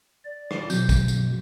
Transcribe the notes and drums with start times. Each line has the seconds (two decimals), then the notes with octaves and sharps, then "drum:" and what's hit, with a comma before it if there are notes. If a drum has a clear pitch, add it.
0.25 D5
0.51 drum: rim click
0.70 B2 F#3 C4 G6, drum: tambourine
0.89 drum: kick A#1, tambourine
1.08 drum: tambourine